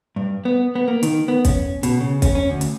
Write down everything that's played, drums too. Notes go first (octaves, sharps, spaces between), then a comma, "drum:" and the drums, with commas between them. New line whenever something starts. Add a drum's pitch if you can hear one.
G2
B3
B3
A#3
D#3, drum: hi-hat
B3
C#4, drum: kick, hi-hat
B2, drum: hi-hat
C#3
C#4, drum: kick, hi-hat
C#4
D2
drum: hi-hat